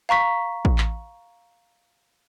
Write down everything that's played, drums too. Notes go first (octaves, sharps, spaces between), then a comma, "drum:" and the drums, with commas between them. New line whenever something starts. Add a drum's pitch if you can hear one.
F5 A#5 C#6 B6
drum: kick A1
drum: clap